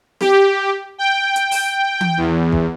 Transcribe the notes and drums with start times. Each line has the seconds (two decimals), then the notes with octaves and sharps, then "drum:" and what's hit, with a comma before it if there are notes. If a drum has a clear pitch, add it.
0.21 G4, drum: snare
0.98 G5
1.36 drum: hi-hat
1.51 drum: open hi-hat
2.01 drum: tom E3
2.17 E2
2.52 drum: kick